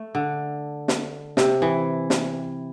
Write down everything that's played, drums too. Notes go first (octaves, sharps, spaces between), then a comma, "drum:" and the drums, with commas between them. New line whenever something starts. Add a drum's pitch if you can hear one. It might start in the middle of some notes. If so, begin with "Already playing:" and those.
Already playing: A3
D3
drum: snare
C3, drum: snare
E3
drum: snare